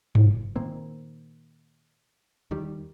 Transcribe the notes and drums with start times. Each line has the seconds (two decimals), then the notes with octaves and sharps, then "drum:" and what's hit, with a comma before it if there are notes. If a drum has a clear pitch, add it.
0.15 F#1, drum: tom G2
0.56 A#2 D#3 A#3 C4
2.51 D#2 D#3 G3